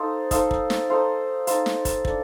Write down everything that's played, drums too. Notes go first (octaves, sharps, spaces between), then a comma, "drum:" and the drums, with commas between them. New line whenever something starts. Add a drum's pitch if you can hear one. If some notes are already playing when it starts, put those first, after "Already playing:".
Already playing: D#4 A4 C5 F5
D#4 A4 C5 F5, drum: kick, hi-hat
drum: kick
drum: snare
D#4 A4 C5 F5
D#4 A4 C5 F5, drum: hi-hat
drum: snare
drum: kick, hi-hat
D4 A4, drum: kick